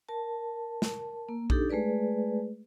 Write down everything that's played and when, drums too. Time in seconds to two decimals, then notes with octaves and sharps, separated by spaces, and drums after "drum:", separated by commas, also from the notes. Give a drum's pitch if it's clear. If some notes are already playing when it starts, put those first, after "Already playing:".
0.09 A#4 A5
0.82 drum: snare
1.29 A#3
1.50 D4 D#4 G4 A4, drum: kick A#1
1.70 G#3 A3 G#4 B4 D5